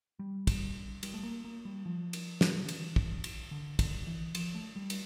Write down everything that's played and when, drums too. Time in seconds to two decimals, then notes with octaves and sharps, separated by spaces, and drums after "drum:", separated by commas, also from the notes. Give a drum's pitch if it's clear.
0.19 G3
0.47 drum: kick, cymbal
1.03 G3, drum: cymbal
1.14 A3
1.23 A#3
1.45 A#3
1.65 G3
1.86 F3
2.13 drum: cymbal
2.41 drum: snare
2.58 D3
2.69 E3, drum: cymbal
2.96 drum: kick
3.24 drum: cymbal
3.51 D3
3.79 D3, drum: kick, cymbal
4.07 E3
4.35 F3, drum: cymbal
4.55 A3
4.76 G3
4.90 drum: cymbal